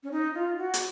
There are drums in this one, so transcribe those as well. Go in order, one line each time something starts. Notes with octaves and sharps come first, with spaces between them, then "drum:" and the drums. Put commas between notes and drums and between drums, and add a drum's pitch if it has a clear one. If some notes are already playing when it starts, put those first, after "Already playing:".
C#4
D#4
F4
F#4
drum: hi-hat